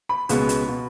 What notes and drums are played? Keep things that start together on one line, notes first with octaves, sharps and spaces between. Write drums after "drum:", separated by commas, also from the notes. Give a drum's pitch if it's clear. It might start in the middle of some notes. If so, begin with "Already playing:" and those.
B5
C#2 B2 G#3 B3, drum: hi-hat
drum: hi-hat
B2